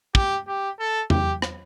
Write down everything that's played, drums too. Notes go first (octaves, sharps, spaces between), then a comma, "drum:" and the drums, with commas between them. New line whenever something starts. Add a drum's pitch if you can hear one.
G4, drum: kick
G4
A4
G4, drum: tom E2
drum: rim click